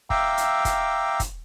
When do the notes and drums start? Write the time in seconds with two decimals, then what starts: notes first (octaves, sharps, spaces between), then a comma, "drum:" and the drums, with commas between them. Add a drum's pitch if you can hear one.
0.10 E5 F5 G5 A#5 D6 E6, drum: kick
0.38 drum: hi-hat
0.65 drum: kick, hi-hat
1.20 drum: kick, hi-hat